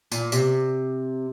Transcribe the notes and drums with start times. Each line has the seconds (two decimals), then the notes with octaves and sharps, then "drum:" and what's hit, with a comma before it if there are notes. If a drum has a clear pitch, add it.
0.12 A#2, drum: tambourine
0.32 C3, drum: tambourine